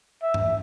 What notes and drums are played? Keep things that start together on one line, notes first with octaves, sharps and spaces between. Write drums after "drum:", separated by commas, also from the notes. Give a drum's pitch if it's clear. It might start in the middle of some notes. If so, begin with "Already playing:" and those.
E5
drum: tom G2